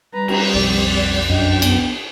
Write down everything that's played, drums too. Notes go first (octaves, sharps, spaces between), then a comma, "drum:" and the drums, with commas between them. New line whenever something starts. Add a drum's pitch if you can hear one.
G3 B4 A#5
drum: cymbal
B1 F2 C4 D5
F#2 D4 D#5 G5
B3, drum: cymbal